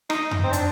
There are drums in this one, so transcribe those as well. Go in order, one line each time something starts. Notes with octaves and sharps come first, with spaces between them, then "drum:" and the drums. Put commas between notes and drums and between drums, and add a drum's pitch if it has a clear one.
D#4, drum: rim click
drum: tom F2
C4
D4, drum: hi-hat